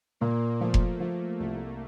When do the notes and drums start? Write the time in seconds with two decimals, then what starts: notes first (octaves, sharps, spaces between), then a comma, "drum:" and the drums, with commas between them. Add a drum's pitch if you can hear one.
0.21 A#2 A#3
0.61 F3 A3
0.74 drum: kick F1
1.00 F3 A3
1.40 C2 A3